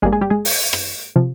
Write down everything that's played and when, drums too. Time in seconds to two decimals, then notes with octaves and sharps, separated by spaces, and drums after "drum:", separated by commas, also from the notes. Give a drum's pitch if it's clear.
0.02 G#1 G2 G3 G#3 A#3 G#4
0.12 G#3 G#4
0.21 G3 G4
0.30 G#3 G#4
0.45 drum: open hi-hat
0.73 drum: rim click
1.16 C3 F3